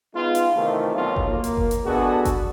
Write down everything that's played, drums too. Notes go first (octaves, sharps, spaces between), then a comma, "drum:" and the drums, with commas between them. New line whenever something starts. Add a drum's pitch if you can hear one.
G#3 B3 D#4 F4
drum: hi-hat
C3 D#3 E3 A3
B1 F4
drum: kick G1
A#3
drum: hi-hat
drum: kick G1
drum: hi-hat
G#3 B3 D4 F#4 G#4 A4
drum: kick G1, hi-hat